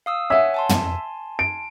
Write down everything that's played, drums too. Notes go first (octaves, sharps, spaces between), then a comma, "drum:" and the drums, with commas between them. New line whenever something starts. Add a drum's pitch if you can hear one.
F5 D#6 E6
C#5 E5 F#5 G#5
G#5 A5 C6
drum: tom
D7